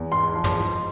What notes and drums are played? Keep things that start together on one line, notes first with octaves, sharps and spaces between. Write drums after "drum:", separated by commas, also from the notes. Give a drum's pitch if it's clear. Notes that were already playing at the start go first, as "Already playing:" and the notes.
Already playing: E2
G#2 C6
F3
drum: tom
G#2